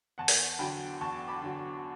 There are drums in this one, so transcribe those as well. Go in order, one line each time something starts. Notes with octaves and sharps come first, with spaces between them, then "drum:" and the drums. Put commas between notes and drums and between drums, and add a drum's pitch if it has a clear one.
E2 F#5 A5
drum: open hi-hat
D3 F#3 G5 B5
E2 A5 C#6
B5 D6
D3 F#3